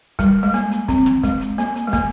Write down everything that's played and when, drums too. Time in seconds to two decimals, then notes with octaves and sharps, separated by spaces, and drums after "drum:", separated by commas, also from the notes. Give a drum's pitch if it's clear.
0.19 G3, drum: kick, hi-hat
0.43 G#3
0.54 A#3, drum: hi-hat
0.71 drum: hi-hat
0.88 C4, drum: kick, hi-hat
1.06 drum: snare
1.23 G#3, drum: kick, hi-hat
1.41 drum: hi-hat
1.58 A#3, drum: hi-hat
1.76 drum: hi-hat
1.87 G#3
1.93 A#3, drum: kick, hi-hat